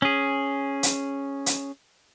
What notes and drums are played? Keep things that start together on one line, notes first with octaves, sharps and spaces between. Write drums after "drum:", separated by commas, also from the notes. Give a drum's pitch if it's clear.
C#4 G#4
drum: hi-hat
drum: hi-hat